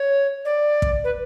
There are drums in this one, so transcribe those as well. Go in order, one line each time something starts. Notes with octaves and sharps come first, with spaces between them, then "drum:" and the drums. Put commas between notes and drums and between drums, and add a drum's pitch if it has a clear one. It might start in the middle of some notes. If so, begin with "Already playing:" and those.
Already playing: C#5
D5
drum: kick
B4